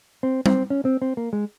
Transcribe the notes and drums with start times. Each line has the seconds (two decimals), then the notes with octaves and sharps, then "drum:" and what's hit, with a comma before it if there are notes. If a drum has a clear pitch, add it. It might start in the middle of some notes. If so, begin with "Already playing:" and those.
0.23 C4
0.46 C4, drum: tom G3
0.70 C#4
0.85 C4
1.02 C4
1.17 A#3
1.33 G#3